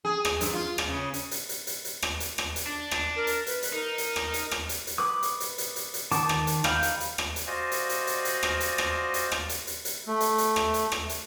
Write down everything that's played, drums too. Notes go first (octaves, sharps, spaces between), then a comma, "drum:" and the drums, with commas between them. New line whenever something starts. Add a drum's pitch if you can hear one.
G#4
drum: rim click
G2, drum: hi-hat
F4
drum: rim click
C#3
drum: hi-hat
drum: hi-hat
drum: hi-hat
drum: hi-hat
drum: hi-hat
drum: rim click
drum: hi-hat
drum: rim click
drum: hi-hat
D4
drum: rim click
A#4
drum: hi-hat
B4, drum: hi-hat
drum: hi-hat
D#4 A#4
drum: hi-hat
drum: rim click
drum: hi-hat
drum: rim click
drum: hi-hat
drum: hi-hat
B4 D6 D#6
drum: hi-hat
drum: hi-hat
drum: hi-hat
drum: hi-hat
drum: hi-hat
D#3 A5 D6 D#6, drum: hi-hat
drum: rim click
drum: hi-hat
D#4 F5 G5 B5, drum: rim click
drum: hi-hat
drum: hi-hat
drum: rim click
drum: hi-hat
F#4 C5 D5 D#5 F5 G#5
drum: hi-hat
drum: hi-hat
drum: hi-hat
drum: hi-hat
drum: rim click
drum: hi-hat
drum: rim click
drum: hi-hat
drum: rim click
drum: hi-hat
drum: hi-hat
drum: hi-hat
A3
drum: hi-hat
drum: hi-hat
drum: rim click
drum: hi-hat
drum: rim click
drum: hi-hat